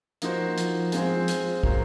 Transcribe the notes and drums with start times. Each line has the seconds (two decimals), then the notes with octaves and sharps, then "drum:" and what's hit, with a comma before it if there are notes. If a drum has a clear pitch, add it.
0.22 F3 A#3 D#4 F#4 C5, drum: hi-hat
0.58 F3, drum: hi-hat
0.92 G#3 C4 F4 G#4 C5, drum: hi-hat
1.28 drum: hi-hat
1.63 D#3 F#3 A#3 F4 C5, drum: kick